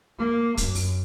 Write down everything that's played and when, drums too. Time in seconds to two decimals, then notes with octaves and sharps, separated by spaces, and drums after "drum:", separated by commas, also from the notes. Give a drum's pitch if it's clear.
0.18 A#3
0.57 F#2, drum: kick, hi-hat
0.75 drum: open hi-hat